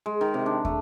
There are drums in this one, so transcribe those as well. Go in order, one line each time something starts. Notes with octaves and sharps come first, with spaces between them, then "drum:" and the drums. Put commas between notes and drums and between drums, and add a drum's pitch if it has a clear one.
G#3
D#3
C3
D4
A3, drum: kick